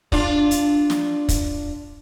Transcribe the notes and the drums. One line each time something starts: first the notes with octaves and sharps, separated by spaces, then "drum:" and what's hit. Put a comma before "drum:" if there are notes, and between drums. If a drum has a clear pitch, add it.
D4 F4 D5, drum: kick
drum: hi-hat
drum: snare
drum: kick, hi-hat